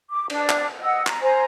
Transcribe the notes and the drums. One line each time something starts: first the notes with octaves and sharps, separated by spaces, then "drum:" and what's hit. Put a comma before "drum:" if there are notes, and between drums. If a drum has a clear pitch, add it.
D6
D4, drum: cymbal
drum: clap
D#5 F#5 E6
A#5, drum: clap
C5 G#5 A#5